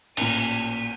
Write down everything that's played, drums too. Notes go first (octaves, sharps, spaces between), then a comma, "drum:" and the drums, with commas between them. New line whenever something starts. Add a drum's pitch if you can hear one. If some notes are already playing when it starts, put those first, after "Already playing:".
A1 A#2 D#7, drum: cymbal